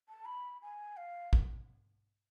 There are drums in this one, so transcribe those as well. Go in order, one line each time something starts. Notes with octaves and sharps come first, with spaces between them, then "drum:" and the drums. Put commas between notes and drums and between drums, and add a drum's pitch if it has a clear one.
A5
B5
G#5
F5
drum: kick